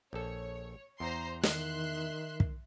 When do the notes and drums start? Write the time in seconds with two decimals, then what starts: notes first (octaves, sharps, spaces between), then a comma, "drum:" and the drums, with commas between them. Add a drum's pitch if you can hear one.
0.13 A#1 A4 C#5
1.00 E2 C5 A#5 C6
1.43 D#3 E5 C6 F#6, drum: snare
2.40 drum: kick